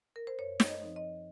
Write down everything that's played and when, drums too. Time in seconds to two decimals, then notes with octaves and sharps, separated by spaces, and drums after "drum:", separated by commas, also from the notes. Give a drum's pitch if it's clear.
0.16 A#4
0.27 C5
0.39 F#2 C#5
0.60 C#5, drum: snare
0.67 D#5
0.82 F3 C4 D#4
0.96 D#5